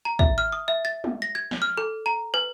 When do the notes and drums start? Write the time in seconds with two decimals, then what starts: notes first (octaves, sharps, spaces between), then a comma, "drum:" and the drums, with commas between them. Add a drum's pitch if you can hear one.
0.05 A#5
0.19 E5, drum: kick
0.38 F6
0.52 D#6
0.68 E5
0.85 A6
1.04 drum: tom
1.22 A#6
1.35 G#6
1.51 drum: snare
1.62 F6
1.77 A4
2.06 A#5
2.34 B4